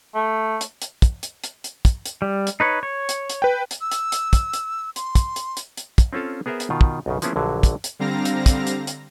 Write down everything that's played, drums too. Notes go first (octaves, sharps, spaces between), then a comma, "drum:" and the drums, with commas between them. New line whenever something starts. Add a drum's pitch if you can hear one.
A3
drum: hi-hat
drum: hi-hat
drum: kick, hi-hat
drum: hi-hat
drum: hi-hat
drum: hi-hat
drum: kick, hi-hat
drum: hi-hat
G3
drum: hi-hat
D#4 B4 C#5
C#5
drum: hi-hat
drum: hi-hat
B4 G5
drum: hi-hat
E6
drum: hi-hat
drum: hi-hat
drum: kick, hi-hat
drum: hi-hat
C6, drum: hi-hat
drum: kick, hi-hat
drum: hi-hat
drum: hi-hat
drum: hi-hat
drum: kick, hi-hat
C4 C#4 F4 A4 F5
B3 G#4 A#4 C5 E5
drum: hi-hat
B2 D#3 F4
drum: kick
B1 F#2 C#3
F3 A#3 B3 C#4 E4 G#4, drum: hi-hat
A#1 G2 D3 F#3
drum: kick, hi-hat
drum: hi-hat
D3 G3 C4 F5 A#5 A#6
drum: hi-hat
drum: kick, hi-hat
drum: hi-hat
drum: hi-hat